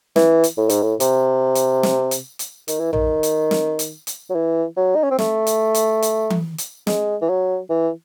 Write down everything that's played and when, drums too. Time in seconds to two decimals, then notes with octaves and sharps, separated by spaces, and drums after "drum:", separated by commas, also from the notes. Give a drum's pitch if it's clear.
0.16 E3, drum: snare
0.44 drum: hi-hat
0.58 A2
0.69 G#2, drum: hi-hat
0.83 A2
1.00 C3, drum: hi-hat
1.55 drum: hi-hat
1.83 drum: snare
2.11 drum: hi-hat
2.39 drum: hi-hat
2.68 D#3, drum: hi-hat
2.80 E3
2.93 D#3, drum: tom A#1
3.23 drum: hi-hat
3.51 drum: snare
3.79 drum: hi-hat
4.07 drum: hi-hat
4.30 F#3
4.35 E3
4.77 F#3
4.95 D#4
5.03 C#4
5.11 C4
5.18 A3, drum: snare
5.47 drum: hi-hat
5.75 drum: hi-hat
6.02 drum: hi-hat
6.30 drum: tom E3
6.58 drum: hi-hat
6.87 G#3, drum: snare
7.21 E3
7.29 F#3
7.70 E3